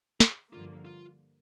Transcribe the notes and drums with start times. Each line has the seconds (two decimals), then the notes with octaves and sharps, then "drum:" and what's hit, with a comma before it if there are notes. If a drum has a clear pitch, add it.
0.20 G#4, drum: snare
0.53 G2 D3 F3 A#3 F4
0.85 F4